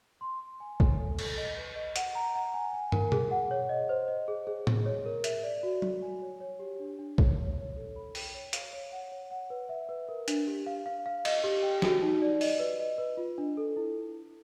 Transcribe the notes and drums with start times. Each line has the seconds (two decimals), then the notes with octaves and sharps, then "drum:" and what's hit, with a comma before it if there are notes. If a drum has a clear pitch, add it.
0.21 C6
0.40 C6
0.60 G#5
0.80 C#5, drum: kick
0.99 A4
1.19 A4, drum: cymbal
1.37 D#5
1.57 B4
1.76 D#5
1.96 F#5, drum: hi-hat
2.15 A#5
2.35 F#5
2.54 G#5
2.73 G#5
2.92 A#4, drum: tom
3.12 G#4, drum: tom B2
3.31 F#5
3.51 C#5
3.69 D#5
3.89 C5
4.08 D#5
4.28 G#4
4.47 G#4
4.67 G#4, drum: tom A2
4.86 C#5
5.06 A#4
5.24 E5, drum: hi-hat
5.43 D5
5.63 F#4
5.82 F#4, drum: tom F#3
6.02 G#5
6.22 C#5
6.40 C#5
6.59 G4
6.80 D4
6.99 D4
7.18 C#5, drum: kick
7.38 C#5
7.57 C#5
7.77 A4
7.96 B5
8.15 G5, drum: open hi-hat
8.34 C#5
8.53 F5, drum: hi-hat
8.73 C#5
8.92 F#5
9.12 C#5
9.31 F#5
9.50 B4
9.69 E5
9.89 B4
10.09 A#4
10.28 D4, drum: hi-hat
10.47 G4
10.66 F5
10.86 F5
11.06 F5
11.25 D#5, drum: cymbal
11.44 G4
11.63 G5
11.82 F#4, drum: snare
12.02 D#4
12.22 D5
12.41 D#5, drum: open hi-hat
12.59 B4
12.80 D#5
12.98 B4
13.17 F4
13.38 D4
13.57 A4
13.77 E4